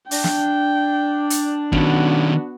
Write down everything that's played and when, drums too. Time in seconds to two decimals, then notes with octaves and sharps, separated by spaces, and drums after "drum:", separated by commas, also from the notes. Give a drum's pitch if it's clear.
0.11 D4 G5, drum: open hi-hat
0.24 drum: snare
1.30 drum: hi-hat
1.73 D#3 B3 C#4 F#4, drum: kick